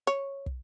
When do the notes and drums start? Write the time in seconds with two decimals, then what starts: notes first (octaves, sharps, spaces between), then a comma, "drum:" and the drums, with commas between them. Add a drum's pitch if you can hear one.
0.07 C#5
0.46 drum: kick